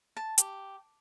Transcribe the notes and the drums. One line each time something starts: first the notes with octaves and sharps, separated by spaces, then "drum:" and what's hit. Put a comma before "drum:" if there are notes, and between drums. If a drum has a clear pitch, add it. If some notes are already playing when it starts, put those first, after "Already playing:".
A5
G4, drum: hi-hat